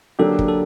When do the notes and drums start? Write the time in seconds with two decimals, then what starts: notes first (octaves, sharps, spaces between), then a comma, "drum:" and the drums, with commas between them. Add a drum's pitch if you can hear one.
0.19 D3 F#3 A#3 D4 G4 A4
0.39 drum: kick
0.48 A4